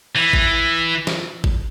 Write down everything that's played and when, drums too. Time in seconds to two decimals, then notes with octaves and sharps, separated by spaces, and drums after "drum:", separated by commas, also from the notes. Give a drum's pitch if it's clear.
0.15 E3
0.33 drum: kick
1.07 drum: snare
1.44 drum: kick